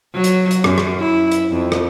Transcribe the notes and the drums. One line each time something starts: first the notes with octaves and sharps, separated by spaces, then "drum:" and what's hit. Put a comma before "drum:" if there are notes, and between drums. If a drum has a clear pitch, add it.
F#3
drum: hi-hat
drum: hi-hat
F#2, drum: rim click
drum: rim click
E4
drum: hi-hat
F2
drum: rim click